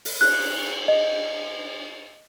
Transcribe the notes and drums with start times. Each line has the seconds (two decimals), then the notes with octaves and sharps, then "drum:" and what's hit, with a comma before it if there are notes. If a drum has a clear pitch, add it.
0.05 drum: open hi-hat
0.21 F#6, drum: cymbal
0.88 D#5